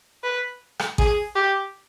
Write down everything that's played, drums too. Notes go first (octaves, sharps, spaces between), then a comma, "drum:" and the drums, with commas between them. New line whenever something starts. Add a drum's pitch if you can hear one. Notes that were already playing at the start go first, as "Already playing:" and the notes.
B4
drum: rim click
G#4, drum: kick A1
G4